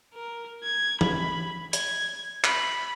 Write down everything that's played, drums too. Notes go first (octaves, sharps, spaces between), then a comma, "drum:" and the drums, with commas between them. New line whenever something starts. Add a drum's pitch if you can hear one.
A#4
G#6
B5, drum: tom E3
G#6, drum: hi-hat
B5, drum: clap